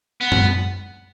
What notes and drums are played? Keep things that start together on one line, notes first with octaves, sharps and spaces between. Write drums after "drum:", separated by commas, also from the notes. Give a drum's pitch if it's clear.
B3
drum: tom F#2